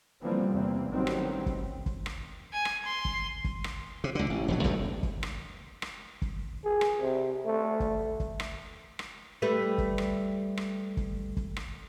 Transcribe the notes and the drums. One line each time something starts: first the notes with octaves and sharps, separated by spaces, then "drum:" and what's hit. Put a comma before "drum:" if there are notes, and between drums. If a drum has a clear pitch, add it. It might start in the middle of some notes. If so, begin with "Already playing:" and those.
D3 E3 F3 G3 A#3 C4
E2 C3 E3 A#3 C4
A1 D#3 F#3 G3 C4
drum: rim click
drum: kick F#1
drum: kick F#1
drum: rim click
G#5
drum: rim click
C6
drum: kick F#1
drum: kick F#1
drum: rim click
C3
C#2 D3
A1
E1 A#1 F#3
C#2 G2 B2 A3, drum: kick F#1
drum: kick F#1
drum: rim click
drum: rim click
drum: kick F#1
G#4
drum: rim click
C3
A3
drum: kick F#1
drum: kick F#1
drum: rim click
drum: rim click
G3 A3 B4
drum: kick F#1
drum: rim click
drum: rim click
drum: kick F#1
drum: kick F#1
drum: rim click